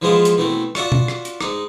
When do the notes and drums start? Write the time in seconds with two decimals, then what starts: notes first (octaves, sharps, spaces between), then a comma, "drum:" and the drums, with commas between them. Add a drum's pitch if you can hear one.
0.02 E3 F3 G#3 B3 E4 F4
0.25 drum: hi-hat
0.37 B2 E3 A3 C4
0.75 F4 F#4 D5 E5 F#5, drum: rim click
0.92 drum: tom
1.08 drum: rim click
1.25 drum: hi-hat
1.41 G#2 D#4, drum: rim click